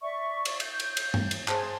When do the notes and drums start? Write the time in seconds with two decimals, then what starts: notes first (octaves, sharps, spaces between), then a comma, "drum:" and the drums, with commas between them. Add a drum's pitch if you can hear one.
0.02 D5 E5 C#6
0.45 drum: cymbal
0.60 G6, drum: cymbal
0.80 drum: cymbal
0.97 drum: cymbal
1.14 drum: tom G2
1.31 drum: cymbal
1.48 G#4 C5 A5, drum: clap